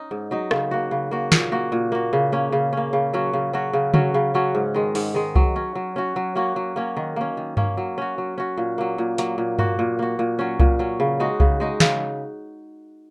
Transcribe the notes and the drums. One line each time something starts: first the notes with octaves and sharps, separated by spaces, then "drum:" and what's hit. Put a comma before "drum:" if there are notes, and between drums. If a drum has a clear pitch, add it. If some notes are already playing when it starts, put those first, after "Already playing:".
Already playing: C#4 D#4
G#2
F#3 D#4
C#3, drum: rim click
A#3 F#4
C#3
A#3 F#4
A#2, drum: snare
A#3 F#4
A#2
A#3 F#4
C#3
A#3 C#4
C#3
A#3 C#4
C#3
F#3 C#4 F#4
C#3
F#3 C#4 F#4
C#3
F#3 C#4 F#4, drum: tom C#3
C#3
F#3 C#4 F#4
G#2
D#3 G#3
G#2, drum: open hi-hat
D#3 G#3
F#3, drum: kick C2
C#4 F#4
F#3
C#4 F#4
F#3
A#3 C#4 F#4
F#3
A#3 C#4 F#4
D#3
A#3 C#4
D#3
A#3 C#4, drum: tom G2
F#3
C#4 F#4
F#3
C#4 F#4
A#2
F#3 A#3
A#2
F#3 A#3, drum: hi-hat
A#2
A#3 F#4, drum: tom G2
A#2
A#3 F#4
A#2
F#3 C#4
A#2, drum: kick C2
F#3 C#4
C#3
G#3 D#4 F#4
C#3, drum: kick C2
G#3 D#4 F#4
C#3, drum: snare